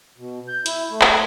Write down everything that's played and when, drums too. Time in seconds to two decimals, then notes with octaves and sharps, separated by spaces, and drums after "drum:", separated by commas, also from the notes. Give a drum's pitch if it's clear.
0.18 B2
0.48 G6
0.66 E4, drum: hi-hat
0.91 A3
1.01 drum: clap